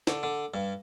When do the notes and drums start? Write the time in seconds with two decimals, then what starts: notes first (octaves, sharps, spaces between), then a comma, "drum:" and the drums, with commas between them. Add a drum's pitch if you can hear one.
0.07 D3, drum: snare
0.23 D3
0.54 G2